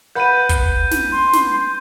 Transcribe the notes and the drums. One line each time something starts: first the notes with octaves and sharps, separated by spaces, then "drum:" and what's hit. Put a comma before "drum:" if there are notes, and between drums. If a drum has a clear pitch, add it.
B4 F#5 B5 G6 D#7
drum: kick, hi-hat
drum: snare
C6
drum: snare